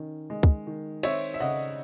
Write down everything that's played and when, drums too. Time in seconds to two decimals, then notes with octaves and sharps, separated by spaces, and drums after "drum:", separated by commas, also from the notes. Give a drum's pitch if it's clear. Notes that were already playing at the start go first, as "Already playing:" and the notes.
Already playing: D#3 C#4
0.30 G#3
0.43 drum: kick
0.67 D#3
1.03 C4 C#5 E5, drum: cymbal
1.34 E5
1.40 C#3 D#5 F#5